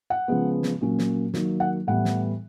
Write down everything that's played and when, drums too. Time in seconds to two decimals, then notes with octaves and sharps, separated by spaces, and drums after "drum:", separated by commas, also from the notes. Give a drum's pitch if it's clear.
0.10 F#5
0.28 C#3 F3 G#3 B3
0.63 drum: snare
0.81 A#2 F#3 A#3 C#4
0.99 drum: snare
1.34 D#3 F#3 A#3, drum: snare
1.60 F#5
1.87 A2 E3 G3 B3 F#5
2.05 drum: snare